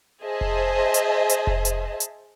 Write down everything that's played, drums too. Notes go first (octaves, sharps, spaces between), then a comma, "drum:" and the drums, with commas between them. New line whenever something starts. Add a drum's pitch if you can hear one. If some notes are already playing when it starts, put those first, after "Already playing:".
G#4 C5 D#5 E5 A5
drum: kick F1
drum: hi-hat
drum: hi-hat
drum: kick F1
drum: hi-hat
drum: hi-hat